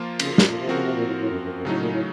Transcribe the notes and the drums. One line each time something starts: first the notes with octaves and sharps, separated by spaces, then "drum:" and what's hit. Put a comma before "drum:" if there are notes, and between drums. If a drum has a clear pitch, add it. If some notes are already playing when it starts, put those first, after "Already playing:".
Already playing: F3 A#3 F4
C#3, drum: cymbal
C3, drum: snare
A#2
C3
D#3
C#3 F3 C4 F#4 A#4
C3
A#2
A2
A2
F#2
F#2
F#2
A2 C#3 F#3 A3 D#4
A#2
A2